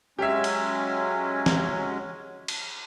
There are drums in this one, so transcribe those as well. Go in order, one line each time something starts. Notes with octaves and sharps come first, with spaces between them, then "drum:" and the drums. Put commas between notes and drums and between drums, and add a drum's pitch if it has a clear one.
F#3 G#3 C#4 G4 E5
drum: cymbal
drum: snare F3
drum: cymbal